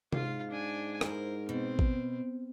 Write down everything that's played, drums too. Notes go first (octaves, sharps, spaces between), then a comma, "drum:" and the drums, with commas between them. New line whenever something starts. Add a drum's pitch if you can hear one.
G#2 F4 F5, drum: tom C3
D4 G#5
E4 A#4 C5, drum: rim click
B2 C4
drum: kick A1